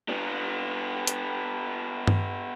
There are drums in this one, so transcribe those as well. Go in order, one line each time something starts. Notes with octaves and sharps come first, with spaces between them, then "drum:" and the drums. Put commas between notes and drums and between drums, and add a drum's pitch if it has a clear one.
B3 D4
drum: hi-hat
drum: tom G2